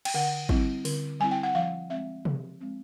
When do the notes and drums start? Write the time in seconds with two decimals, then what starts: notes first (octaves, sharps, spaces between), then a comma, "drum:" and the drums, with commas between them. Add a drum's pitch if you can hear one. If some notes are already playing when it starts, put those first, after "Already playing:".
0.05 G5, drum: cymbal
0.14 D3 F#5
0.49 G3 C4 E4, drum: kick
0.85 D3, drum: open hi-hat
1.20 G3 C4 E4 G#5
1.31 G5
1.43 F#5
1.55 F3 F5
1.90 G#3 C4 E5
2.25 F3, drum: tom C3
2.61 G#3 C4